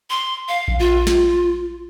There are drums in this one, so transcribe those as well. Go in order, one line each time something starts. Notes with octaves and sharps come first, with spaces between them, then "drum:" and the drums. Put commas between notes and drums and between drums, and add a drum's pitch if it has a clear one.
C6
F5
drum: kick A#1
F4
drum: snare